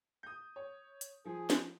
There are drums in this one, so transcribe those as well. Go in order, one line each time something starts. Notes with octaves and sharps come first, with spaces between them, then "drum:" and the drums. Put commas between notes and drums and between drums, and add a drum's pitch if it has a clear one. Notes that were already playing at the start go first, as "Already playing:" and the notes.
D#6 G6
C#5
drum: hi-hat
F3 G#4
drum: snare